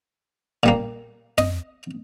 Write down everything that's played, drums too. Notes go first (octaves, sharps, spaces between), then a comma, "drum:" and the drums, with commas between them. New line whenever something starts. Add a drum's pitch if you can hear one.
A#2 G3 A#3
D#5, drum: tom